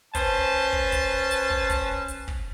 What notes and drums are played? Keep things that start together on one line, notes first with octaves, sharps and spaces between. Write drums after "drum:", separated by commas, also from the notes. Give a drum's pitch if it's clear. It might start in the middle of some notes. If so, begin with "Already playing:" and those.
C#4 B4 C5 A5, drum: kick, hi-hat
drum: kick
drum: kick, hi-hat
drum: hi-hat
drum: kick
drum: kick, hi-hat
drum: hi-hat
drum: kick